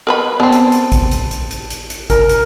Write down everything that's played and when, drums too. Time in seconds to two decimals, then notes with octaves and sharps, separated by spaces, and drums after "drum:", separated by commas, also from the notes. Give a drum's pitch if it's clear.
0.07 A#4 B4 B5
0.40 B3 C4 A5
0.52 drum: hi-hat
0.72 drum: hi-hat
0.92 drum: kick A1, hi-hat
1.11 drum: hi-hat
1.31 drum: hi-hat
1.51 drum: hi-hat
1.70 drum: hi-hat
1.90 drum: hi-hat
2.10 A#4, drum: kick A1, hi-hat
2.29 drum: hi-hat